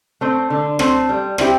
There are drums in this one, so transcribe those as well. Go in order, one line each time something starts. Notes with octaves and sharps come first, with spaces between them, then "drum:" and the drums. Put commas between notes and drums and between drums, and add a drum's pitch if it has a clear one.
A3 C4
D3
A3 C4, drum: rim click
G3
C4 E4 G4, drum: rim click